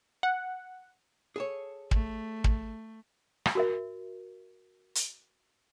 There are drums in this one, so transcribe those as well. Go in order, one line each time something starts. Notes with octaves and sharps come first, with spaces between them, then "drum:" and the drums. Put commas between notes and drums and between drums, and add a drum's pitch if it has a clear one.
F#5
G#4 A4 C#5
A3, drum: kick
drum: kick
drum: rim click
F#4 A#4 E5
drum: hi-hat